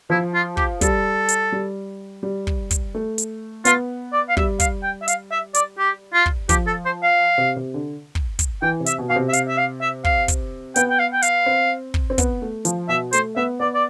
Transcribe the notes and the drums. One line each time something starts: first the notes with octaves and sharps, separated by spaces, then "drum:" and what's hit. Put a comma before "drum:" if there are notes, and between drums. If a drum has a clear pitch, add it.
F3 E4
F4
G4, drum: kick
G3 A4, drum: kick, hi-hat
drum: hi-hat
G3
G3
drum: kick
drum: kick, hi-hat
A3
drum: hi-hat
B3 F4, drum: hi-hat
D5
F5
G3 E5, drum: kick
F5, drum: kick, hi-hat
G5
E5
F5, drum: hi-hat
E5
D5, drum: hi-hat
G4
F4
drum: kick
F3 G4, drum: kick, hi-hat
A4
C5
F5
C3
C3
D3
drum: kick
drum: kick, hi-hat
E3 G5
C3
E5, drum: hi-hat
B2
B2 F5
C3
E5
F5, drum: hi-hat
E5
F5
E5
F5, drum: kick
drum: kick, hi-hat
B3 G5, drum: hi-hat
G5
F5
G5
F5, drum: hi-hat
C4
drum: kick
C4
B3, drum: kick, hi-hat
A3
F3, drum: hi-hat
B2 E5
A3 C5, drum: hi-hat
B3 E5
B3 D5
D5